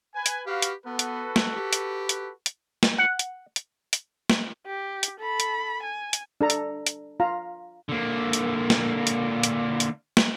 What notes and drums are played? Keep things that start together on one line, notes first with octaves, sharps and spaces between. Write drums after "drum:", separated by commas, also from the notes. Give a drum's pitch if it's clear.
B4 G#5
drum: hi-hat
F#4 G4 B4 F5
drum: hi-hat
B3 F#4 A4 B4
drum: hi-hat
drum: snare
G4
drum: hi-hat
drum: hi-hat
drum: hi-hat
drum: snare
F#5
drum: hi-hat
drum: hi-hat
drum: hi-hat
drum: snare
G4
drum: hi-hat
A4 B5
drum: hi-hat
G#5
drum: hi-hat
D4 A4 A#5
drum: hi-hat
drum: hi-hat
F4 F5 A#5
D3 A#3
drum: hi-hat
drum: snare
drum: hi-hat
drum: hi-hat
drum: hi-hat
drum: snare